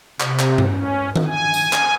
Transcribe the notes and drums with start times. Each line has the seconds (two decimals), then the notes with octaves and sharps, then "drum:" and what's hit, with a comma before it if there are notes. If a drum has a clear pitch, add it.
0.20 C3, drum: clap
0.39 drum: clap
0.58 drum: tom G2
0.69 C#4
1.16 drum: tom D#3
1.27 G#5
1.54 drum: tambourine
1.73 drum: clap